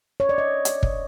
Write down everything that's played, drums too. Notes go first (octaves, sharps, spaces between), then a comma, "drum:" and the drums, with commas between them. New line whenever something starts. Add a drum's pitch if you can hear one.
C#5
D5
D#5
drum: hi-hat
drum: kick